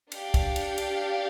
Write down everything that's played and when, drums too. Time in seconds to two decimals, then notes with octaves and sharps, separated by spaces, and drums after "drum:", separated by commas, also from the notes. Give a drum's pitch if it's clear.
0.12 D4 G4 D5 F5, drum: cymbal
0.34 drum: kick, cymbal
0.56 drum: cymbal
0.78 drum: cymbal